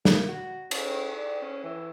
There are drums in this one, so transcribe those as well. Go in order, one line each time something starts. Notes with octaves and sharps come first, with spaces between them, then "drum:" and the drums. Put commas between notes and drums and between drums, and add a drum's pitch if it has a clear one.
A#3, drum: snare
F#4
C#4, drum: cymbal
D5
C#4
E3